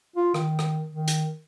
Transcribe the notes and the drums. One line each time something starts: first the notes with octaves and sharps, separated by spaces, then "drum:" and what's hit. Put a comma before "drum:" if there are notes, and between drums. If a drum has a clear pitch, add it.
F4
D#3, drum: rim click
drum: rim click
D#3
drum: hi-hat